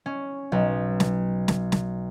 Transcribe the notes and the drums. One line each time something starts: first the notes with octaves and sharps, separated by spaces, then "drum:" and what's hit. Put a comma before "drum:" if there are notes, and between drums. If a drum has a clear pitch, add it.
C#4
B1
drum: snare
drum: snare
drum: snare